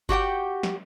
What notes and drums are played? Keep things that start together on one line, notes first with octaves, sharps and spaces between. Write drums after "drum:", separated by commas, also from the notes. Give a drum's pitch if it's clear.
F#4 G4 F#5 G5, drum: kick G1
drum: snare